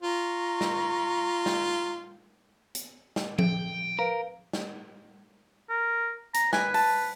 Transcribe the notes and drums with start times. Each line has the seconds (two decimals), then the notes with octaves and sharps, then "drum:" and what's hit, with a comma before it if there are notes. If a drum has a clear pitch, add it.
0.02 F4 A#5 C#6
0.61 drum: snare
1.46 drum: snare
2.75 drum: hi-hat
3.16 drum: snare
3.39 G5, drum: tom F3
3.99 A#4 B4 F5
4.53 drum: snare
5.70 A#4
6.34 A#5, drum: hi-hat
6.53 B4 G#5, drum: snare
6.74 A5, drum: open hi-hat